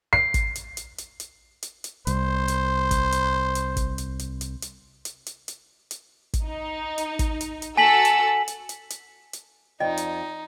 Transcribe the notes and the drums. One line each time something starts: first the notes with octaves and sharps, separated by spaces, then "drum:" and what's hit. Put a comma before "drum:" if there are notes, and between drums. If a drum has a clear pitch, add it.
C7
drum: kick, hi-hat
drum: hi-hat
drum: hi-hat
drum: hi-hat
drum: hi-hat
drum: hi-hat
drum: hi-hat
C2 C5, drum: hi-hat
drum: hi-hat
drum: kick, hi-hat
drum: hi-hat
drum: hi-hat
drum: kick, hi-hat
drum: hi-hat
drum: hi-hat
drum: hi-hat
drum: hi-hat
drum: hi-hat
drum: hi-hat
drum: hi-hat
drum: hi-hat
drum: kick, hi-hat
D#4
drum: hi-hat
drum: kick, hi-hat
drum: hi-hat
drum: hi-hat
F#4 A4 G#5 E6 B6 F#7
drum: hi-hat
drum: hi-hat
drum: hi-hat
drum: hi-hat
drum: hi-hat
F2 D#4 D5 D#5 G5
drum: hi-hat